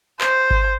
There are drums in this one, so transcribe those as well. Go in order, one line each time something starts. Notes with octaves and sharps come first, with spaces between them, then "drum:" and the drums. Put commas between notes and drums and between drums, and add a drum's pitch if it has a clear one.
C5, drum: clap
drum: kick G#1